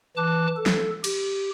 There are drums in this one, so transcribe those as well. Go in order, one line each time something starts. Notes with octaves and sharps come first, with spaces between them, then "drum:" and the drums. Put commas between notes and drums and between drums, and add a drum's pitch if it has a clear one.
E3 A5 D6 F#6
A4
drum: snare
G4, drum: cymbal